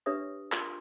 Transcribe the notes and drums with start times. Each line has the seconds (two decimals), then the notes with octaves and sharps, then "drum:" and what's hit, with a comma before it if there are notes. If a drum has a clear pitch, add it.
0.06 D4 G4 B4 C#5 E5 D#6
0.52 F4 A#4 C6, drum: clap